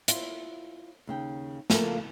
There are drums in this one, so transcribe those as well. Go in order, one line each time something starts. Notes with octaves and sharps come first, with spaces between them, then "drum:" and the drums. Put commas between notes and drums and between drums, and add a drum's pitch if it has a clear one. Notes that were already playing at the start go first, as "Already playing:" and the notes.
E4 F4, drum: hi-hat
D#2 C#3 G5
F3 A3 A#3 F4 A#4, drum: snare